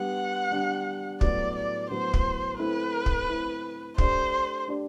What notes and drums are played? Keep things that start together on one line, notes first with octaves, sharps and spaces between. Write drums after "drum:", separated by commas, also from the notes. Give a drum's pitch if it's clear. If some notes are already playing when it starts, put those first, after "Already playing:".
Already playing: G3 B3 D4 G4 F#5
G3 B3 D4 G4
A2 F#3 B3 D5, drum: kick
D5
A2 F#3 B3 C5
drum: kick
A3 C4 E4 B4
drum: kick
A3 C4 E4
A3 D4 G4 C5 D5, drum: kick
A3 D4 G4 D5